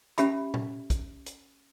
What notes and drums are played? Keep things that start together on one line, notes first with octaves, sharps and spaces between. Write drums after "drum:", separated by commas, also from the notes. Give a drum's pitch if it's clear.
C#4 G4 E5 B5, drum: hi-hat
drum: tom A#2
drum: kick, hi-hat
drum: hi-hat